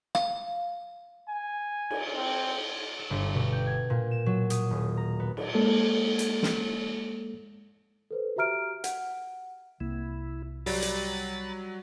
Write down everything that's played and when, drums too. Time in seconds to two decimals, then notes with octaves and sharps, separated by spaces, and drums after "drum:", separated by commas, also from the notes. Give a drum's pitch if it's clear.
0.15 F5, drum: rim click
1.29 G#5
1.90 drum: cymbal
2.15 C4
2.99 E6
3.10 G1
3.34 B2
3.52 G5
3.67 G#6
3.90 A#2
4.11 E7
4.26 F#3
4.50 D#6, drum: hi-hat
4.71 D#1
4.97 A#5
5.20 B3
5.37 drum: cymbal
5.55 G#3 A#3 A4
6.19 drum: hi-hat
6.43 drum: snare
8.11 A4 B4 C5
8.36 F#4 G4 E5 A#5 F6 D7
8.84 F#5, drum: hi-hat
9.80 C2 A#3 E4
10.66 F#3 G3 B5 A6, drum: open hi-hat
10.82 drum: hi-hat